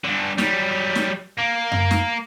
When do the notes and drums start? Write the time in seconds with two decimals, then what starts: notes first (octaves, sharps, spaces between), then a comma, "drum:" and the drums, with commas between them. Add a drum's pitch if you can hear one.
0.04 G2 D3
0.38 F#3 G3, drum: snare
0.95 drum: snare
1.39 A#3
1.72 drum: tom F#2
1.91 drum: snare